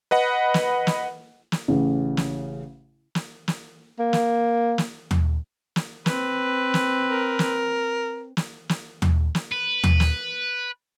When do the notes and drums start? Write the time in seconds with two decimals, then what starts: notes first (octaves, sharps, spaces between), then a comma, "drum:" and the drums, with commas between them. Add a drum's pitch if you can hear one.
0.11 B4 D#5 F#5 B5
0.54 drum: snare
0.87 drum: snare
1.52 drum: snare
1.68 A1 C#3
2.17 drum: snare
3.15 drum: snare
3.48 drum: snare
4.00 A#3
4.13 drum: snare
4.78 drum: snare
5.11 drum: tom D#2
5.76 drum: snare
6.06 C4 B4, drum: snare
6.74 drum: snare
7.10 A#4
7.39 drum: snare
8.37 drum: snare
8.69 drum: snare
9.02 drum: tom D#2
9.35 drum: snare
9.52 B4
9.84 drum: tom D#2
10.00 drum: snare